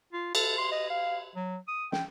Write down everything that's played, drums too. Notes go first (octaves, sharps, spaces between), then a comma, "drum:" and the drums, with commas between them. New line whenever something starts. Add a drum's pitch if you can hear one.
F4
A4, drum: cymbal
C6
D#5
F5
F#3
D#6
G5, drum: snare